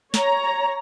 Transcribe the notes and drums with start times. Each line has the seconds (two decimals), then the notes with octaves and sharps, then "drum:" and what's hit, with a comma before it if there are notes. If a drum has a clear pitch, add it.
0.14 C#5 A#5, drum: snare